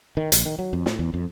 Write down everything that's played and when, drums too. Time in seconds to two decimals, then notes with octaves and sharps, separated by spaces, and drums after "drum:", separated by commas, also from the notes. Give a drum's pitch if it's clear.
0.17 D#3
0.32 A#1, drum: hi-hat
0.45 D#3
0.59 F#3
0.73 F2
0.86 A2, drum: snare
0.99 E2
1.14 F2